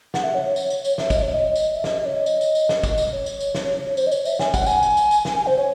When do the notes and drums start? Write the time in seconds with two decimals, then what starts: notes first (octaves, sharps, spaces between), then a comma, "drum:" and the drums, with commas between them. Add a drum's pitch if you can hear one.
0.14 F#5, drum: snare
0.24 E5
0.35 C#5
0.45 C#5
0.56 drum: tambourine
0.70 drum: tambourine
0.84 drum: tambourine
0.98 E5, drum: snare
1.10 D#5, drum: kick, tambourine
1.22 C#5
1.33 D#5
1.56 drum: tambourine
1.75 E5
1.84 D#5, drum: snare
2.05 C#5
2.26 D#5, drum: tambourine
2.41 drum: tambourine
2.55 drum: tambourine
2.69 drum: snare
2.84 drum: kick, tambourine
2.98 drum: tambourine
3.12 C#5
3.26 drum: tambourine
3.40 drum: tambourine
3.55 drum: snare
3.90 C#5
3.97 C5, drum: tambourine
4.06 D#5
4.11 C#5, drum: tambourine
4.25 E5, drum: tambourine
4.39 G#5, drum: snare
4.54 F#5, drum: kick, tambourine
4.66 G#5, drum: tambourine
4.83 drum: tambourine
4.97 drum: tambourine
5.11 drum: tambourine
5.25 G#5, drum: snare
5.36 G#5
5.46 C5
5.57 C#5